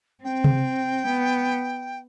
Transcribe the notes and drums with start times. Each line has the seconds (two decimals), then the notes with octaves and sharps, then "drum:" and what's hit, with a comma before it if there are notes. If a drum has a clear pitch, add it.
0.24 C4 G5
0.44 drum: tom C3
1.07 B3